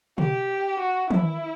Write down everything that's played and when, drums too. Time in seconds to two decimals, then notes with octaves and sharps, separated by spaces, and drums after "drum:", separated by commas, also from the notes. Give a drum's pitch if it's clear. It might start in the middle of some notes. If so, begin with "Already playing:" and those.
0.18 G4, drum: tom
0.80 F#4
1.11 E4, drum: tom